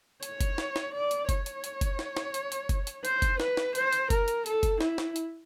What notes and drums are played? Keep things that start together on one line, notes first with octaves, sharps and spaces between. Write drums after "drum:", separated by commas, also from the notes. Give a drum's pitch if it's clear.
C#5, drum: hi-hat
drum: kick F#1, hi-hat
drum: snare
drum: snare
D5
drum: hi-hat
C#5, drum: kick F#1, hi-hat
drum: hi-hat
drum: hi-hat
drum: kick F#1, hi-hat
drum: snare
drum: snare
drum: hi-hat
drum: hi-hat
drum: kick F#1, hi-hat
drum: hi-hat
C5, drum: hi-hat
drum: kick F#1, hi-hat
B4, drum: snare
drum: snare
C5, drum: hi-hat
drum: hi-hat
A#4, drum: kick F#1, hi-hat
drum: hi-hat
A4, drum: hi-hat
drum: kick F#1, hi-hat
E4, drum: snare
drum: snare
drum: hi-hat